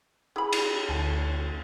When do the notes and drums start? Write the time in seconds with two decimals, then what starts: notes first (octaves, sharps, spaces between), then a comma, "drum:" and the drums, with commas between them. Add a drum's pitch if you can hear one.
0.36 E4 G#4 B5
0.53 drum: cymbal
0.89 D2 A5